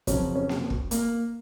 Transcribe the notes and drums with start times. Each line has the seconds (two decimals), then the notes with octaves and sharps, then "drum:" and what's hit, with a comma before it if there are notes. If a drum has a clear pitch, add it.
0.07 F2 C#3 F#3 C#4, drum: kick, hi-hat
0.35 C#4
0.49 drum: snare A#3
0.70 drum: kick
0.91 A#3, drum: hi-hat